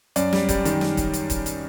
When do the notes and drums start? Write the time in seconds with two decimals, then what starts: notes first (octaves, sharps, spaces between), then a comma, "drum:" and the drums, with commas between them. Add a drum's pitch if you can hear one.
0.16 F#2 D5, drum: hi-hat
0.33 G3, drum: snare
0.49 G3, drum: kick, hi-hat
0.65 D#3, drum: hi-hat
0.81 drum: snare
0.97 drum: kick, hi-hat
1.13 drum: hi-hat
1.30 drum: kick, hi-hat
1.46 drum: hi-hat